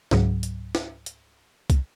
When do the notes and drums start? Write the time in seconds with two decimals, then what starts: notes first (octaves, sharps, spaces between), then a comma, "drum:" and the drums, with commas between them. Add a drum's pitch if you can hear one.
0.11 C#2 G#2 F#3, drum: snare
0.43 drum: hi-hat
0.75 drum: snare
1.06 drum: hi-hat
1.70 drum: kick, hi-hat